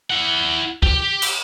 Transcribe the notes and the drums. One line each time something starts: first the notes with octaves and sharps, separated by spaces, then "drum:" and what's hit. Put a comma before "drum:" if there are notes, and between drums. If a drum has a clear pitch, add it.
E4 F#5
G4, drum: kick
drum: cymbal